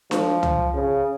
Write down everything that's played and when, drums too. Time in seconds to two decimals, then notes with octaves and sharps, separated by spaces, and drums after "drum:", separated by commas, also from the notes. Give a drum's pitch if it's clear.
0.11 F3, drum: snare D4
0.43 drum: tom C#2
0.74 C#3